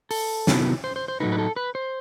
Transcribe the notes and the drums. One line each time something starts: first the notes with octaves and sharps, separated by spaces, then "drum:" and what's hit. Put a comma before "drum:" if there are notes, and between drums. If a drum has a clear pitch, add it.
A4, drum: open hi-hat
C3 D#3 F#3 B3 E4, drum: snare
C5
C5
C5
A2 F#3 A3 D#4 B4
B4
A4
B4
C5